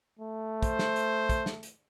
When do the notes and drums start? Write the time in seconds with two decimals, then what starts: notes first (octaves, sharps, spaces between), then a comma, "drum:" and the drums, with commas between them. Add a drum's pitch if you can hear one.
0.19 A3
0.63 C5, drum: kick, hi-hat
0.79 drum: snare
0.96 drum: hi-hat
1.29 drum: kick, hi-hat
1.46 drum: snare
1.63 drum: hi-hat